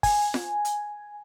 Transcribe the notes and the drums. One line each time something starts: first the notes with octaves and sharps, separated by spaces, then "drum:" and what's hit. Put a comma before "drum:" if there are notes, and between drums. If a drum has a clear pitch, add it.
G#5, drum: kick, open hi-hat
drum: snare F4
drum: hi-hat